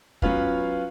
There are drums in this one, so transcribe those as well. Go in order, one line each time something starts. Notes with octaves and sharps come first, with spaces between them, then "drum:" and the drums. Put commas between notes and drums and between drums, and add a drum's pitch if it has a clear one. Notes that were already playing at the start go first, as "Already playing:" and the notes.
F#3 B3 C#4 F4 B4 F5, drum: kick